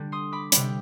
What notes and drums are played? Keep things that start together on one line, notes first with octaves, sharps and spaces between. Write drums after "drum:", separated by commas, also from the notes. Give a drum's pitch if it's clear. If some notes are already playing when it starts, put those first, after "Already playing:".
Already playing: D3 G3
C6 D#6
B5 D6
C3 G3 G5 B5, drum: hi-hat